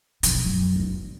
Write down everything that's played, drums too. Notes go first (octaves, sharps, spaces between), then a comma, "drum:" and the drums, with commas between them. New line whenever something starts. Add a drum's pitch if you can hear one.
B1 F3, drum: hi-hat
F#2 F#3
G1 D3